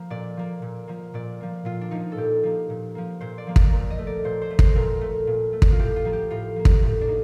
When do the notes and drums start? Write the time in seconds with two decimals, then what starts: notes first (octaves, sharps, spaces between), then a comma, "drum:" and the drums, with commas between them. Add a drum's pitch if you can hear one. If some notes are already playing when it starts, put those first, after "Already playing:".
Already playing: F3 A#3
0.10 A#2 D5
0.37 F3 A#3
0.62 A#2
0.88 F3 A#3
1.14 A#2 D5
1.41 F3 A#3
1.65 A#2 F4
1.81 D4
1.91 F3 A#3 D#4
2.12 A4
2.17 A#2 G4
2.43 F3 A#3
2.70 A#2
2.95 F3 A#3
3.21 A#2 C5
3.38 D5
3.47 F3 A#3
3.56 D5, drum: kick
3.72 A#2 A#4
3.90 D#5
3.98 A3
4.07 D5
4.24 A#2 C5
4.42 C5
4.50 A3
4.59 C5, drum: kick
4.75 A#2 A#4
5.01 A3
5.27 A#2
5.53 A3
5.62 drum: kick
5.72 F4
5.80 A2 G4
5.96 F4
6.05 F3 A#3
6.13 G4
6.30 A2 F4
6.56 F3 A#3
6.65 drum: kick
6.83 A2
7.01 D4
7.08 A#3 D#4